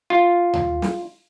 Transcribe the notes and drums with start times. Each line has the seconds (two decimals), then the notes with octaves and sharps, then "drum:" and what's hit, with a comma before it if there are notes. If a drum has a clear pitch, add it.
0.10 F4
0.53 drum: tom D#2
0.82 drum: snare